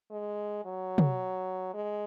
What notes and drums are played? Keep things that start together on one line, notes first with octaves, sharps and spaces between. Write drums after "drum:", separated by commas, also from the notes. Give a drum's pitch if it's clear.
G#3
F#3
drum: tom
G#3